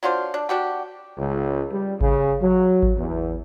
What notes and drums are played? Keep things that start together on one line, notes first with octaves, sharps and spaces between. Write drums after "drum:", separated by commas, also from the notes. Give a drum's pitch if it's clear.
F#3 D4 F4 C5
D4
D4 F#4 G4
C#2
G3
C#3, drum: kick G#1
F#3
drum: kick G#1
E2